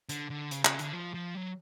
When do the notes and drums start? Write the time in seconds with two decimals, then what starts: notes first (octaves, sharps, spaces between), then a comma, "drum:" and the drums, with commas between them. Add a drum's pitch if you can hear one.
0.09 D3, drum: hi-hat
0.30 D3
0.51 C#3, drum: hi-hat
0.65 C#3, drum: clap
0.79 D3, drum: hi-hat
0.93 F3
1.14 F3
1.35 F#3